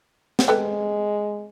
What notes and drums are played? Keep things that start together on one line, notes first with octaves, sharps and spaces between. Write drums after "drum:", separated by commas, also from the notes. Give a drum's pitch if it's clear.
drum: snare
G#3 A4 B4 G5